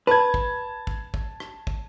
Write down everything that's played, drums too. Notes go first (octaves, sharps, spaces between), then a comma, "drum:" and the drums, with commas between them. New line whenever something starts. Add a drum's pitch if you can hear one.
B4 A5 G#6
drum: kick
drum: kick
drum: kick
drum: rim click
drum: kick